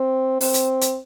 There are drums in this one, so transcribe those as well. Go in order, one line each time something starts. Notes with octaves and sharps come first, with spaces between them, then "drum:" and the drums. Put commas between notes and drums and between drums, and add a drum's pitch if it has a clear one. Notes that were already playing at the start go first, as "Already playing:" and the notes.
Already playing: C4
C4, drum: open hi-hat
drum: hi-hat
drum: hi-hat